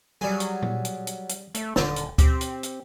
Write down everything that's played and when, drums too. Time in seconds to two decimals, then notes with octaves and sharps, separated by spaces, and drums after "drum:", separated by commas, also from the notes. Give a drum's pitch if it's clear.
0.21 F#3 G3 G#4
0.40 drum: hi-hat
0.62 drum: tom A#2
0.85 drum: hi-hat
1.07 drum: hi-hat
1.29 drum: hi-hat
1.55 A3, drum: hi-hat
1.76 D#1 D3 A5, drum: snare
1.96 drum: hi-hat
2.18 C4 G4, drum: kick D2, hi-hat
2.41 drum: hi-hat
2.63 drum: hi-hat